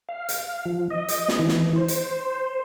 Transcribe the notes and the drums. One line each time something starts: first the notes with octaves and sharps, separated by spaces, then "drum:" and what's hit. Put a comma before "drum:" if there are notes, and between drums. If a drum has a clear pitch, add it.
F5
drum: hi-hat
F3
D#5
drum: hi-hat
drum: snare
E3
drum: snare
C5
drum: hi-hat